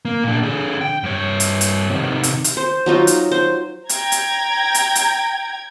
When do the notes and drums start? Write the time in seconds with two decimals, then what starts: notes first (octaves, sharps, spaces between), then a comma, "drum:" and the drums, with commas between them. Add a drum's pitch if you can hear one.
0.05 A#3
0.24 A#2 D4
0.43 D3 G#4
0.81 G5
1.04 G2 C#5
1.40 drum: hi-hat
1.61 drum: hi-hat
1.90 C3 D#3
2.23 drum: hi-hat
2.44 drum: hi-hat
2.57 C5
2.86 F#3 D#4 F4 F#4
3.07 drum: hi-hat
3.31 C5
3.89 G5 A#5 G#6, drum: hi-hat
4.12 drum: hi-hat
4.74 drum: hi-hat
4.95 drum: hi-hat